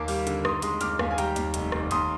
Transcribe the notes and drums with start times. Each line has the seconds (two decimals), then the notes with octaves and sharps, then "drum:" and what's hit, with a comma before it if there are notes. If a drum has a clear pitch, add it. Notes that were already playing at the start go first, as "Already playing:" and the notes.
Already playing: D#2 A#3 D6
0.08 G3, drum: open hi-hat
0.27 D3, drum: hi-hat
0.45 D#2 C6 D#6, drum: rim click
0.62 G#3 C6 D#6, drum: hi-hat
0.81 D#2 D6 F6, drum: hi-hat
0.99 D#2 F5 G#5, drum: rim click
1.11 G#5
1.18 G3 G5 A#5, drum: hi-hat
1.36 D#2, drum: hi-hat
1.54 F1, drum: hi-hat
1.72 D#2, drum: rim click
1.91 D#2 C6 D#6, drum: hi-hat